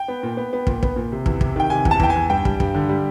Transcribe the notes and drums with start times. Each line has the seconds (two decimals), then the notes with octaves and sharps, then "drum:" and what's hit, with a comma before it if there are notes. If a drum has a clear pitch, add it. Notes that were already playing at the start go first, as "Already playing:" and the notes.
Already playing: G5
0.08 B3
0.23 A#2
0.37 B3
0.53 B3
0.67 A#2, drum: kick
0.83 B3, drum: kick
0.96 A#2
1.12 C3
1.26 E2, drum: kick
1.41 C3, drum: kick
1.56 D#3 G5
1.70 C3 G#5
1.85 E2, drum: kick
1.91 A5
2.00 E2 G5, drum: kick
2.10 G#5
2.15 E2
2.29 G2 G5
2.45 G3, drum: kick
2.60 G2, drum: kick
2.75 D3
2.89 G3